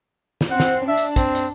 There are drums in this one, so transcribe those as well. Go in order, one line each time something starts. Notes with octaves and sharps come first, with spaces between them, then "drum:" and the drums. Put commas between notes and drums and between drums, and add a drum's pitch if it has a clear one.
drum: snare
C4 F#5
drum: snare
D4 E5
drum: hi-hat
C4, drum: kick, hi-hat
drum: hi-hat